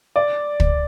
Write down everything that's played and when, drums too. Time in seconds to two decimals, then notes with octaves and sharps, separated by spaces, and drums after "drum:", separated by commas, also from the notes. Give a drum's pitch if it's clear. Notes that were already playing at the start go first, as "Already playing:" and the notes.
0.16 D5
0.60 drum: kick